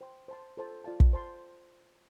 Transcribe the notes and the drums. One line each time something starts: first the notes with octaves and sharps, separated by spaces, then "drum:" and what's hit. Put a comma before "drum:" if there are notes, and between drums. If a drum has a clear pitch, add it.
C5 G5 C6
C5 A5 C6
F4 A4 C5 A5
F4 D5 F5 A5
drum: kick
C5 A5 C6